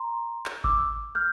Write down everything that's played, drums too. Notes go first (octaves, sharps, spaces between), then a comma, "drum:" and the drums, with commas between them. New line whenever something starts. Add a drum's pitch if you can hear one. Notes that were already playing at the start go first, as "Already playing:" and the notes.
Already playing: A#5 C6
drum: clap
D6 E6, drum: kick G#1
F6 G6